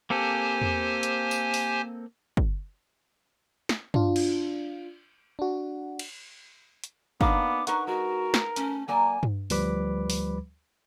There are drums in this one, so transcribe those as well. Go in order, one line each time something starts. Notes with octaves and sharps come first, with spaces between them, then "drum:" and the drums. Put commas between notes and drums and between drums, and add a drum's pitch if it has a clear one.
A#3 C4 G4 A4 C5 G#5
drum: tom E2
drum: hi-hat
drum: tambourine
drum: open hi-hat
drum: kick
drum: snare
D4 F4, drum: tom G2
drum: cymbal
D4 F#4
drum: cymbal
drum: hi-hat
A#3 B3 D4 D#4 F5 D6, drum: kick
D#4 A#4 B4 F#5 C#6, drum: hi-hat
G#3 F#4 A#4
drum: snare
A3 C#4, drum: hi-hat
F#3 A#3 D5 G#5
drum: tom G2
D2 F3 G3 B4 B5 D6, drum: open hi-hat
drum: open hi-hat